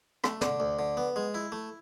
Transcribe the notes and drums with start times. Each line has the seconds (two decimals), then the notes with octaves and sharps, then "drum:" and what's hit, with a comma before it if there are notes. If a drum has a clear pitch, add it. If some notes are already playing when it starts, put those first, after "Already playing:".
0.24 A3, drum: rim click
0.41 D3, drum: snare
0.60 D2
0.79 D3
0.97 B3
1.16 G#3
1.34 E4
1.52 A3